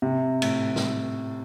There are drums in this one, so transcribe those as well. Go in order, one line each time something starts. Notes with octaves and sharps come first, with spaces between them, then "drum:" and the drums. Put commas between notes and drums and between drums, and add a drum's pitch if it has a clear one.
C3
A2, drum: cymbal
drum: snare